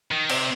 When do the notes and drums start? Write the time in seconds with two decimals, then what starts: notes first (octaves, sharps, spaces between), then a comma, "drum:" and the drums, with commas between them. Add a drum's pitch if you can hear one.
0.11 D#3
0.29 C3, drum: cymbal